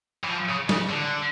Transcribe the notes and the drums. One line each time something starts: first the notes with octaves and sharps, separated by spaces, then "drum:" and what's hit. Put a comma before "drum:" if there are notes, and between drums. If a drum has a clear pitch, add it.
E3
F3
C#3
C#3, drum: snare
D3